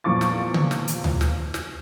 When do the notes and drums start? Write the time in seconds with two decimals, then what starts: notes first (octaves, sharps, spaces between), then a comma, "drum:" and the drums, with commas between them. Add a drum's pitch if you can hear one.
0.04 E2 A#2 F3 C#6 D6 A6
0.21 drum: snare
0.54 drum: tom C#3
0.71 drum: snare
0.88 drum: hi-hat
1.04 drum: tom D2
1.21 drum: snare
1.54 drum: snare